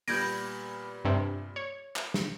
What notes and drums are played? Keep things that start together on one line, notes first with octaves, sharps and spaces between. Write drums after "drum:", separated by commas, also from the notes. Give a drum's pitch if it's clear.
A#2 G3 B3 G6 G#6 A#6 D7, drum: open hi-hat
G2 C3
C#5
drum: clap
drum: snare